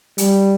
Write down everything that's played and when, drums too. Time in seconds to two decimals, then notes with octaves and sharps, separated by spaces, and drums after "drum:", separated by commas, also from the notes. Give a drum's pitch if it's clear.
0.18 G3, drum: hi-hat